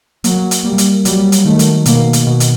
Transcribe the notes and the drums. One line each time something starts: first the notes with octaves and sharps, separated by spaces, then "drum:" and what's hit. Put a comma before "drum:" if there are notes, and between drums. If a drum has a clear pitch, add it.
F#3 A#3, drum: hi-hat
drum: hi-hat
G3 A#3
drum: hi-hat
F#3 G3, drum: hi-hat
drum: hi-hat
D#3 A3
drum: hi-hat
B2 A#3, drum: hi-hat
drum: hi-hat
B2
drum: hi-hat